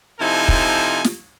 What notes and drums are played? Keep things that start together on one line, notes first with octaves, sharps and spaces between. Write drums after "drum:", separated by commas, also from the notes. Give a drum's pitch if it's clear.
C3 F3 D#4 E4 A4 G#5
drum: kick
drum: snare